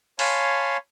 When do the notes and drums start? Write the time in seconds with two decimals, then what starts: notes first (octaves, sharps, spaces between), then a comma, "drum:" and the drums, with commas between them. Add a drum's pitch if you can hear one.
0.19 C#5 F5 G#5 A5 B5 C6, drum: open hi-hat